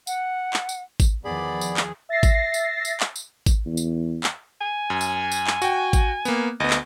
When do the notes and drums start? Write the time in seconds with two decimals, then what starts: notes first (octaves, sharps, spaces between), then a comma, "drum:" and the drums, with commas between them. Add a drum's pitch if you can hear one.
0.07 F#5, drum: tambourine
0.53 drum: clap
0.69 drum: tambourine
1.00 drum: kick, tambourine
1.25 E2 D#3 F3 B3 G#4 D5 B5
1.61 drum: tambourine
1.77 drum: clap
2.09 E5 A6 A#6 C7
2.23 drum: kick, tambourine
2.54 drum: tambourine
2.85 drum: tambourine
3.00 drum: clap
3.16 drum: tambourine
3.46 drum: kick, tambourine
3.66 E2
3.77 drum: tambourine
4.24 drum: clap
4.61 G#5
4.90 F#2
5.01 drum: tambourine
5.32 drum: tambourine
5.47 drum: clap
5.62 F#4 G5, drum: tambourine
5.93 drum: kick, tambourine
6.25 A#3 B3, drum: tambourine
6.60 D2 B3 D#5
6.70 drum: clap